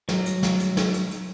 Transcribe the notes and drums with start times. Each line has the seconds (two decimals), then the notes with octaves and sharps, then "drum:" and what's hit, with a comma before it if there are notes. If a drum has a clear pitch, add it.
0.09 F#3, drum: snare
0.26 drum: hi-hat
0.43 drum: snare
0.60 drum: hi-hat
0.77 drum: snare
0.94 drum: hi-hat
1.11 drum: hi-hat